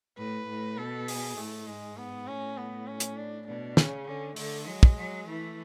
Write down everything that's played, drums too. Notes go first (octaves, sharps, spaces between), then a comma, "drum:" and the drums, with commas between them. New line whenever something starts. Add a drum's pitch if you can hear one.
A2 B4
A2
B2 A4
G#4, drum: open hi-hat
A2 A3
G#2 G#3
B3
A2 C#4
B3
C#4
drum: hi-hat
D4
B2 D4
C#3 C#4, drum: snare
D3 C#4
D3 A3, drum: open hi-hat
F#3 G#3
drum: kick
F#3
E3 A3